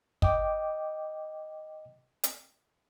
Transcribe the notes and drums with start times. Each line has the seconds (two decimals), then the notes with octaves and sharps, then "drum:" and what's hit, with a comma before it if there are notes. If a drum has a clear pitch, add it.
0.22 D#5 G5 D6, drum: kick
2.24 drum: hi-hat